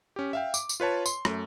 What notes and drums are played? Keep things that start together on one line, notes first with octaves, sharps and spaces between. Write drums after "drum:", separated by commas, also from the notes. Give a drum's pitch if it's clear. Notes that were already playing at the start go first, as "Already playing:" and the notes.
C#4 G4
E5 F5 G5
D6, drum: tambourine
drum: tambourine
F4 B4 C#5 A5
C6, drum: tambourine
F#2 A3, drum: rim click